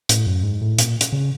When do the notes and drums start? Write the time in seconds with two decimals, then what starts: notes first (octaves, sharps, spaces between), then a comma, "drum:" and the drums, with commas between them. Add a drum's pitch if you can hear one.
0.09 A2, drum: hi-hat
0.27 F#2
0.43 G#2
0.61 A2
0.79 A#2, drum: hi-hat
1.01 drum: hi-hat
1.12 C#3